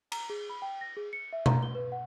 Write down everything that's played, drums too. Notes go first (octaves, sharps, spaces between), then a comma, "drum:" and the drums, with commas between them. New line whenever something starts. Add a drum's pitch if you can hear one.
A#5, drum: cymbal
G#4
B5
G5
A#6
G#4
C#7
E5
A#5, drum: tom B2
G7
B4
F#5